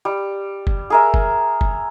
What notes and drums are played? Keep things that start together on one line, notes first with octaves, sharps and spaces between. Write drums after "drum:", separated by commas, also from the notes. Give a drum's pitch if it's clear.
G3
drum: kick
G#4 A#4 E5
drum: kick
drum: kick